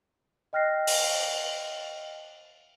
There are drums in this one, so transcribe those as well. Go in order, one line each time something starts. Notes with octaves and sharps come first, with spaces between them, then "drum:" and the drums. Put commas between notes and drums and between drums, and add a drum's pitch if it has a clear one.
D#5 G5 F6 F#6 A#6 C7
drum: open hi-hat